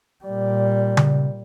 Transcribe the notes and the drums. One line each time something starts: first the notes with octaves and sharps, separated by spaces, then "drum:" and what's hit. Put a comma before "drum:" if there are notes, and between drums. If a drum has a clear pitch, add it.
A#2 G3
drum: tom C#3